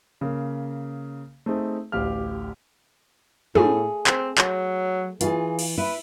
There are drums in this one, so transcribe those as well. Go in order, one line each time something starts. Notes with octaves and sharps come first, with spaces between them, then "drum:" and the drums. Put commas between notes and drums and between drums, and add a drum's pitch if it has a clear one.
C#3 A#3
A3 C4 D#4 G#4
A1 D2 G4 F5 F6
A2 A3 G#4, drum: tom
C4, drum: clap
F#3, drum: clap
E3 F4 G#4, drum: hi-hat
drum: cymbal
E4 B4